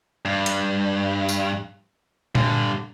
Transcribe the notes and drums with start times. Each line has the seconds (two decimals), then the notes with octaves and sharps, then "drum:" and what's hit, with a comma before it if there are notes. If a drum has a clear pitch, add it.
0.25 G2
0.46 drum: hi-hat
1.29 drum: tambourine
2.35 G2 D3, drum: tom A#2